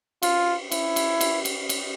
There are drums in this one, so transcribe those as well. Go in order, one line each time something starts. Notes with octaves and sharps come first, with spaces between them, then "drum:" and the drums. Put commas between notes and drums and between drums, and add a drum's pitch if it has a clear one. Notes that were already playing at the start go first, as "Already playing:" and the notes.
F4, drum: cymbal
E4, drum: cymbal
drum: cymbal
drum: cymbal
drum: cymbal
drum: cymbal